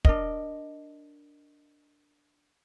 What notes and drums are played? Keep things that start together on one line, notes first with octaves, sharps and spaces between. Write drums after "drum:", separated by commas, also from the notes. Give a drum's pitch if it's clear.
D4 A#4 D#5, drum: kick